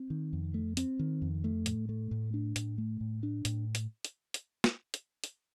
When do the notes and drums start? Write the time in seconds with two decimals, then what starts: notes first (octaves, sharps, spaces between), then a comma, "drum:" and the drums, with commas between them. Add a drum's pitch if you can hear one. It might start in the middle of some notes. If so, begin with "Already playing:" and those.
Already playing: C4
0.10 D#3
0.33 F2
0.54 A3
0.77 C4, drum: hi-hat
0.99 D#3
1.22 F2
1.44 A3
1.66 A2, drum: hi-hat
1.89 A3
2.11 A2
2.34 D4
2.56 A2, drum: hi-hat
2.78 A3
3.01 A2
3.23 D4
3.45 A2, drum: hi-hat
3.75 drum: hi-hat
4.05 drum: hi-hat
4.34 drum: hi-hat
4.64 drum: snare
4.94 drum: hi-hat
5.24 drum: hi-hat